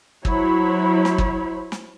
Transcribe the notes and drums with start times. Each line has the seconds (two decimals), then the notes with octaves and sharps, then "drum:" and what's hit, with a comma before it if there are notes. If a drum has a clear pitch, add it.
0.25 F#3 E4 C5 C#5 B5, drum: kick
1.05 drum: snare
1.18 drum: kick
1.72 drum: snare